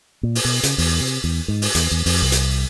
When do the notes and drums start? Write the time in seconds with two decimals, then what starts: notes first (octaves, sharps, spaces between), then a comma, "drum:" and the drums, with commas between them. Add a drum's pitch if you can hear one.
0.23 A#2
0.35 drum: open hi-hat
0.45 B2
0.63 C#3, drum: hi-hat
0.78 E2, drum: open hi-hat
1.00 C3
1.24 E2
1.48 G#2
1.62 drum: open hi-hat
1.75 E2, drum: hi-hat
1.91 E2
2.06 F2, drum: open hi-hat
2.22 C2
2.32 drum: hi-hat